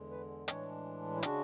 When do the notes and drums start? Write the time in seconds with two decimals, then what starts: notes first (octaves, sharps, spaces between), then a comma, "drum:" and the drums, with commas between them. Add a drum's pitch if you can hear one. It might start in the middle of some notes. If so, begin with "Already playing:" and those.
Already playing: E2 D3 G#3
0.11 B4
0.48 A2 E3 G#3 D4 C#5, drum: hi-hat
1.16 E4
1.23 C#3 G#3 D4 F#4, drum: hi-hat